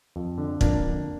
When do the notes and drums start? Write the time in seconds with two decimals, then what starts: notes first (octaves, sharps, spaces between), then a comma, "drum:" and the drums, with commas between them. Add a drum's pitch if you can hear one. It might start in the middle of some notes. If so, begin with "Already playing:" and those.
0.16 F2
0.38 D3
0.61 F2 A#3 D4, drum: kick
0.84 F2